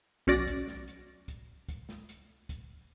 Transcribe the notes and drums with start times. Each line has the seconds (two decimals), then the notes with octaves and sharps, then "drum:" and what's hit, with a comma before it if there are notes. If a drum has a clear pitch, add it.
0.27 B1 C#4 F#4 D5 A#6
0.47 drum: kick C#2, hi-hat
0.67 drum: snare
0.88 drum: hi-hat
1.28 drum: kick C#2, hi-hat
1.69 drum: kick C#2, hi-hat
1.89 drum: snare
2.09 drum: hi-hat
2.49 drum: kick C#2, hi-hat